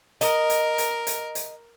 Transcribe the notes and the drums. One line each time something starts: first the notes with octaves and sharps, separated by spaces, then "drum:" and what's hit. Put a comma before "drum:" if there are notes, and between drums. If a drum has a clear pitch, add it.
A#4 D#5, drum: hi-hat
drum: hi-hat
drum: hi-hat
drum: hi-hat
drum: hi-hat